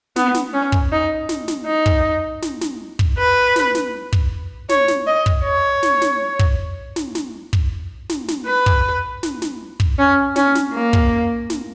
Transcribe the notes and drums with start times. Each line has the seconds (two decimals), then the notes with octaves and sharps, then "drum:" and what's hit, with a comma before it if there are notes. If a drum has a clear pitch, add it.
0.16 B3, drum: snare
0.34 drum: snare
0.53 C#4
0.72 drum: kick
0.92 D#4
1.29 drum: snare
1.48 drum: snare
1.66 D#4
1.86 drum: kick
2.42 drum: snare
2.61 drum: snare
2.99 drum: kick
3.17 B4
3.56 drum: snare
3.75 drum: snare
4.13 drum: kick
4.69 C#5, drum: snare
4.88 drum: snare
5.06 D#5
5.26 drum: kick
5.45 C#5
5.83 drum: snare
6.02 drum: snare
6.39 drum: kick
6.96 drum: snare
7.15 drum: snare
7.53 drum: kick
8.10 drum: snare
8.28 drum: snare
8.47 B4
8.66 drum: kick
9.23 drum: snare
9.42 drum: snare
9.80 drum: kick
9.98 C#4
10.36 C#4, drum: snare
10.55 drum: snare
10.74 A#3
10.93 drum: kick
11.50 drum: snare